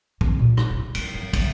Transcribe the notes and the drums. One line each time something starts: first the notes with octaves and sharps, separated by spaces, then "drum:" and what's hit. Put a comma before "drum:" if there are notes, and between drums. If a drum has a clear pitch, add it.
C#3 C4, drum: kick
A#2
drum: rim click
E4
G#3, drum: cymbal
E3 F3
D3 F3, drum: kick, cymbal